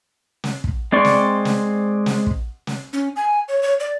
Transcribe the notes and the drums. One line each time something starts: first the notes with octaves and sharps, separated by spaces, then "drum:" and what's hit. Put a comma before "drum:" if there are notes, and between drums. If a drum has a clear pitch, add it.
drum: snare
drum: kick
G#3 C4 D5 C6 C#6
drum: snare
drum: snare
drum: snare
drum: kick
drum: snare
C#4
G#5
C#5
C#5
D5